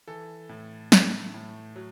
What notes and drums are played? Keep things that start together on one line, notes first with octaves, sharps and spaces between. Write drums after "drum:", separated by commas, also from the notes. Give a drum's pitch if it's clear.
E3 A4
A2
A3, drum: snare
A2
F#3